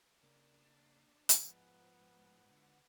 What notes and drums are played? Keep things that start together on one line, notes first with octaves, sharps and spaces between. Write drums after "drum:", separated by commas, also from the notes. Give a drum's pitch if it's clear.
C#3 A#3 D4 A#4
G#2 F3 G#3 B3 F4, drum: hi-hat
D3